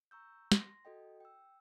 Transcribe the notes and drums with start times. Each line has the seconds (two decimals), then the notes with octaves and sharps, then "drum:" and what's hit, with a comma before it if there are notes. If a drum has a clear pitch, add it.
0.11 A#5 C#6 E6 G6
0.52 C6 A#6, drum: snare
0.85 F#4 A4 D#5 G5
1.20 G5 E6